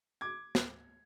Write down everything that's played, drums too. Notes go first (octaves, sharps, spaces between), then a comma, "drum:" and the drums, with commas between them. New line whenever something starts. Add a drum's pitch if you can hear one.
D6 G#6
drum: snare